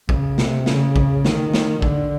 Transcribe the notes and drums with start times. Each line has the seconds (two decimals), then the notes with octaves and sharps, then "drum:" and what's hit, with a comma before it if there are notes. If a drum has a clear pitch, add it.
0.09 C#3, drum: kick A#1
0.38 C3, drum: snare
0.66 C#3, drum: snare
0.96 drum: kick A#1
1.25 D#3, drum: snare
1.54 drum: snare
1.82 D3, drum: kick A#1